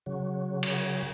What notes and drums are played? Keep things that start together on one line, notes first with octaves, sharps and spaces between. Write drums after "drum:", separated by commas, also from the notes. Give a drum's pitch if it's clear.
C#3 F#3
drum: cymbal